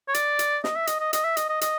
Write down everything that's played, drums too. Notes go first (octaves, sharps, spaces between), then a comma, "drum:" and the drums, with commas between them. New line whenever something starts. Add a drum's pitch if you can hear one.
C#5
D5, drum: hi-hat
drum: hi-hat
D#5, drum: snare
E5
D#5, drum: hi-hat
D#5
D#5, drum: hi-hat
E5
D#5, drum: hi-hat
D#5
D#5, drum: hi-hat